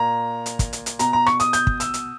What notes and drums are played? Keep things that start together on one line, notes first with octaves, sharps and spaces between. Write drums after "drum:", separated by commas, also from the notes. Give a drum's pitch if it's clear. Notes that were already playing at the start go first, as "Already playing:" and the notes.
Already playing: A#2 A#5
drum: hi-hat
drum: kick, hi-hat
drum: hi-hat
drum: hi-hat
B2 A#5, drum: hi-hat
A#5
C#6, drum: rim click
D#6, drum: hi-hat
G6, drum: hi-hat
drum: kick
E6, drum: hi-hat
drum: hi-hat